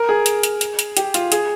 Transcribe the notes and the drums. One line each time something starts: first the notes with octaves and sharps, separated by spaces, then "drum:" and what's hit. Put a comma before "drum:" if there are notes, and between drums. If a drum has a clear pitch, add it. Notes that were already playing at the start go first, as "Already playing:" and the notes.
Already playing: A#4
G#4
drum: hi-hat
drum: hi-hat
drum: hi-hat
drum: hi-hat
G4, drum: hi-hat
F4, drum: hi-hat
G#4, drum: hi-hat